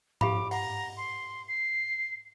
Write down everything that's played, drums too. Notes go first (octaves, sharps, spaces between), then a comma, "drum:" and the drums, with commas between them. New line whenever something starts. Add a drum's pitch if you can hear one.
G4 F5 B5 D6, drum: tom G#2
F#5 A#5, drum: open hi-hat
C6
C7